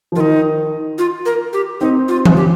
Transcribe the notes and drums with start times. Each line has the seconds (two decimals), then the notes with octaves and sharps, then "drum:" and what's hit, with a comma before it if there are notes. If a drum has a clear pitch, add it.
0.12 F3
0.16 D#3 D#4 F4
0.98 F4
1.26 A#4
1.53 G4
1.81 C4 D#4
2.08 F4
2.25 drum: tom E3
2.36 G4